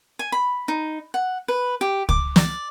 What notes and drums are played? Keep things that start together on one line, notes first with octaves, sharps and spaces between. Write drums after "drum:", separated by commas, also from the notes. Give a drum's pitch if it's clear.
G#5
B5
D#4
F#5
B4
G4
D6, drum: kick C#2
D5, drum: snare